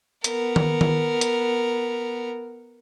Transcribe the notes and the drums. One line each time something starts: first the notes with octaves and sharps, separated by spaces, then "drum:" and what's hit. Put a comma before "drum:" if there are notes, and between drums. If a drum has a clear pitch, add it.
B3 A#4, drum: hi-hat
drum: tom D#3
drum: tom D#3
drum: hi-hat